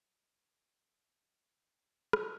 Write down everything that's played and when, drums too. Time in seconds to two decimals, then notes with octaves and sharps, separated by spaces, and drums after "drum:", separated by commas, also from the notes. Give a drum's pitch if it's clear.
0.17 D#5
0.42 C#5
0.67 C#5
0.85 D#5
1.04 C#5
1.22 D#5
1.40 C#5
1.58 C5
1.77 G#4
1.95 F4
2.13 C#4, drum: rim click